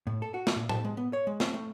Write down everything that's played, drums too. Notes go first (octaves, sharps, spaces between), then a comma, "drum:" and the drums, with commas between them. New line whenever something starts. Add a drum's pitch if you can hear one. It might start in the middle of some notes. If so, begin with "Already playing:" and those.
A2
A4
F#4
drum: snare
A#2
A5, drum: tom A2
G#3
B3
C#5
G#3
C4, drum: snare
A3